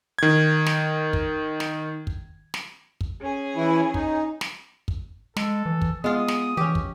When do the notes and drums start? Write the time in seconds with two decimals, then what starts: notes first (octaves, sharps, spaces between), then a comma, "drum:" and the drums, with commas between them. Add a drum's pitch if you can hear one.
0.19 D#3 G#6
0.66 drum: snare
1.13 drum: kick
1.60 drum: snare
2.07 drum: kick
2.54 drum: snare
3.01 drum: kick
3.21 C#4 G#4 G#5
3.56 E3 E4
3.94 D#4, drum: kick
4.41 drum: snare
4.88 drum: kick
5.36 G#3 A4, drum: snare
5.66 E3
5.82 drum: kick
6.04 G#3 B3 F4 D#6
6.28 drum: snare
6.57 E3 C#4 G4
6.75 drum: kick